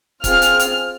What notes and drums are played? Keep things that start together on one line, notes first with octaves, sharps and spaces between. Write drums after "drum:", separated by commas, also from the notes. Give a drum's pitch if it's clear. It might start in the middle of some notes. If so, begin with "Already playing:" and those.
C4 F4 G#4 F6, drum: kick, hi-hat
drum: hi-hat
drum: hi-hat